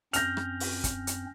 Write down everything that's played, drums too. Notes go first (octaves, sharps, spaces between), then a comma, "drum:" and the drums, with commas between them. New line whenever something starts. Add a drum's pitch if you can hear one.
F#2 C4 C#4 F6 G6 A#6 F7, drum: hi-hat
drum: rim click
drum: open hi-hat
drum: kick, hi-hat
drum: hi-hat